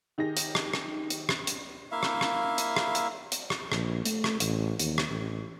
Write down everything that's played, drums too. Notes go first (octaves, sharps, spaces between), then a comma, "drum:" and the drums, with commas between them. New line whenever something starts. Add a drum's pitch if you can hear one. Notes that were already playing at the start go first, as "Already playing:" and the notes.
D#3 D#4 G4 G#4 A#6
drum: hi-hat
drum: rim click
drum: rim click
drum: hi-hat
drum: rim click
drum: hi-hat
A#3 E4 E5 F5
drum: rim click
drum: rim click
drum: hi-hat
drum: rim click
drum: hi-hat
drum: hi-hat
drum: rim click
A#1, drum: rim click
A3, drum: hi-hat
drum: rim click
A1, drum: hi-hat
D#2, drum: hi-hat
drum: rim click
A1